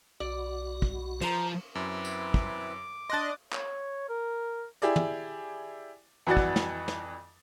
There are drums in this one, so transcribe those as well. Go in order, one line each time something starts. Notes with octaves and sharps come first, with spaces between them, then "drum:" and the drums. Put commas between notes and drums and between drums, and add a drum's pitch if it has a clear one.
B1 F#4 D5
drum: kick
F3 C5 A#5, drum: cymbal
F#2 C4 E4 B4 D6
drum: tambourine
drum: kick
D4 D#5 C6 F#6 A6
C#5, drum: clap
A#4
E4 G4 G#4 D5, drum: hi-hat
drum: tom
F2 E3 F#4 D5 F#5 A6
drum: kick
drum: snare
drum: snare